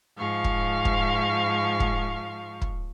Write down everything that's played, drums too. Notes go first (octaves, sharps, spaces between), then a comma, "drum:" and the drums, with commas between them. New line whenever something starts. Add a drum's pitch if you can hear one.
G#2 F3 F5 C#6
drum: kick
drum: kick
drum: kick
drum: kick